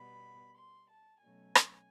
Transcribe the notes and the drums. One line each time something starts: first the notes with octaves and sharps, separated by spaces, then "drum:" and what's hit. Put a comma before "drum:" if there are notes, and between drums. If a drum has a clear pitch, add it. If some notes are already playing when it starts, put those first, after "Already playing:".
Already playing: B2 G3 B3 B5
C6
A5
B2 F#3 A3 C#4 G#5
drum: rim click